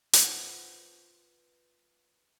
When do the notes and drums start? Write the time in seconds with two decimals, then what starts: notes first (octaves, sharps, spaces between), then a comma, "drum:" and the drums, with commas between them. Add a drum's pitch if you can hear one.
0.13 F4 B4 C5 F#5, drum: hi-hat